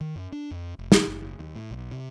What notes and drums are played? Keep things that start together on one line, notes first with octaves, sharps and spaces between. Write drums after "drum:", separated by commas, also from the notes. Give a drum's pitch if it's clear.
D#3
F#2
D4
F2
F1
drum: snare
F#1
D#2
A2
B1
C3